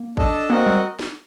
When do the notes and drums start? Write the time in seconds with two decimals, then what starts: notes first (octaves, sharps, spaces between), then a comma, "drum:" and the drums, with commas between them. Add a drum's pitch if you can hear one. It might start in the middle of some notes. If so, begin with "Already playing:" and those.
Already playing: A#3
0.17 D4 A4 D#5 A5, drum: kick A1
0.50 A#3 C4 F#4 A#4 D#5 F#5
0.67 G3
0.99 drum: snare